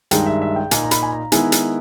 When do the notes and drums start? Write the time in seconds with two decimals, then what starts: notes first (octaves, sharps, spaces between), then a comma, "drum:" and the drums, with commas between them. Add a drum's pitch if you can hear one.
0.11 G2 D#3 G#3 G5, drum: hi-hat
0.26 E5
0.42 E5
0.56 G5
0.71 A#2 A#3 D#4 G#5, drum: hi-hat
0.84 A#5
0.91 B5, drum: hi-hat
1.03 G#5
1.12 A#5
1.32 D#3 G#3 B3 E4 G#5, drum: hi-hat
1.52 drum: hi-hat